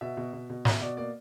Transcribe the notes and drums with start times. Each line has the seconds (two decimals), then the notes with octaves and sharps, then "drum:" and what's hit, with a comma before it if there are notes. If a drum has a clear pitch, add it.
0.01 B2 E5
0.17 B2
0.33 B2
0.50 B2
0.65 B2 E5, drum: snare
0.81 B2 D5
0.97 A#3 D5